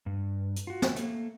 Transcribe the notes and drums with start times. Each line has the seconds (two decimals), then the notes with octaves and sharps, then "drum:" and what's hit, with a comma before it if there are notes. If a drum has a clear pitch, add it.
0.06 G2
0.56 drum: hi-hat
0.67 F4 F#4
0.82 drum: snare
0.96 A3 A#3, drum: hi-hat